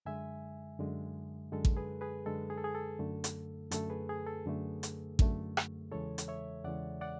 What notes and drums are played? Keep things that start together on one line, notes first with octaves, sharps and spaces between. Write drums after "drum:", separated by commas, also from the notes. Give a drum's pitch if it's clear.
F#2 D3 G#3 E5 G#5
F#2 D3 G#3
F#2 D3 G#3 A4
drum: kick A1
G#4 B4
G#4 B4
F#2 D3 G#3 A4
G#4
A4
G#4
A4
F#2 D3 A3
drum: hi-hat
F#2 D3 A3 A4, drum: hi-hat
G#4 B4
G#4
A4
F#2 D3 A3
drum: hi-hat
F#2 D3 A3, drum: kick A1
drum: rim click
E2 C#3 E3 G#3 A4 C#5
drum: hi-hat
C#5 E5
E2 C#3 E3 G#3 D5 F#5
D5 F#5